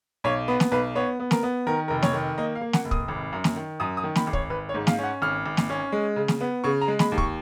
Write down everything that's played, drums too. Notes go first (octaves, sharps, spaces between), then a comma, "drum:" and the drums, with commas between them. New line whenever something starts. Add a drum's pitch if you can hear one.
B1 C#5
B3 B4
drum: snare
B1 B4
B3 C#5
B3
A#4, drum: snare
B3
D#3 A#4
F1 A#4
C#5, drum: snare
D#3
A#3 D#5
F5
A#3
F#5, drum: snare
F1
D#6, drum: kick
G#1
F#2
drum: snare
D#3
F#2 D#6
D#6
D#3
B5, drum: snare
G#1
C#5, drum: kick
G#1 B4
C#5
G#2
F5, drum: snare
C#4 F#5
G#1 F6
G#1
drum: snare
C#4
G#3
C#3
drum: snare
B3
C#3 C#6
A#5
G#3
B5, drum: snare
D#2
C#6, drum: kick